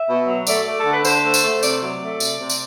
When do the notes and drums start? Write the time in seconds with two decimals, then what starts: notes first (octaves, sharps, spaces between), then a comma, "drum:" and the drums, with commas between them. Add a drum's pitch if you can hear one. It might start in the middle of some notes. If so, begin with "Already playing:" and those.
Already playing: E5
0.09 B2
0.27 F#3
0.47 A3 D5, drum: tambourine
0.67 A3
0.79 A4
0.85 D3
0.92 B4
1.05 D3 C5, drum: tambourine
1.24 A3
1.34 drum: tambourine
1.43 A3
1.63 C3 D5, drum: tambourine
1.81 F#3
2.02 A3
2.20 C3, drum: tambourine
2.40 C3
2.50 drum: tambourine